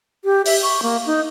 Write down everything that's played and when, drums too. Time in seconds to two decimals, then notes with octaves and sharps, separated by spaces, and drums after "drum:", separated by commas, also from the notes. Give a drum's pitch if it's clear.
0.25 G4
0.46 E5, drum: open hi-hat
0.63 C#6
0.83 A#3
1.06 D#4